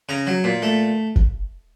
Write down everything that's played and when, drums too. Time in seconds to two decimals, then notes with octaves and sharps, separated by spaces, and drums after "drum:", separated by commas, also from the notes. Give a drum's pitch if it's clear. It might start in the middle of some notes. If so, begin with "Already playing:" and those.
0.09 C#3 A#5
0.27 F#3
0.44 A#2
0.62 A3
1.16 drum: kick